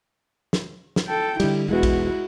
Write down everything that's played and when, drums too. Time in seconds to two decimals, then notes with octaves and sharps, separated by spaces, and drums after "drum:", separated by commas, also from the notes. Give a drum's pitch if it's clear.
0.53 drum: snare
0.96 drum: snare
1.08 A4 G5
1.40 D3 G3 E4, drum: cymbal
1.69 E1 G#3 B3 E4 F#4
1.83 drum: kick A#1, cymbal